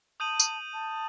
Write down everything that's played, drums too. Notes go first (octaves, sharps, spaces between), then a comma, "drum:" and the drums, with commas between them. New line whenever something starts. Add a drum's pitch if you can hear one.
A5 D#6 G6 D#7 F#7
drum: tambourine
A5